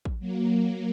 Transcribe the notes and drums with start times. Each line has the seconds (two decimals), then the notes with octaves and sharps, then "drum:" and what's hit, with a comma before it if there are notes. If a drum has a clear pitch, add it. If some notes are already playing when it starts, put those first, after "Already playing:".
0.05 drum: kick A1
0.19 F#3 A#3